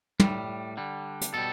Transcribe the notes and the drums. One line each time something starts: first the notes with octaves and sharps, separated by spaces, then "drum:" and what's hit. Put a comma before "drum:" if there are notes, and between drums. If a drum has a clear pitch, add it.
A2 G3, drum: tom
D3 G3
drum: hi-hat
B2 G3 A4